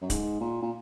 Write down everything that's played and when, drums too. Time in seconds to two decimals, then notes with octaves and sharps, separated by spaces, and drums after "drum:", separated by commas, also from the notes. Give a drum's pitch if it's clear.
0.02 F#2
0.10 G#2, drum: kick C#1, hi-hat
0.41 A#2
0.62 A#2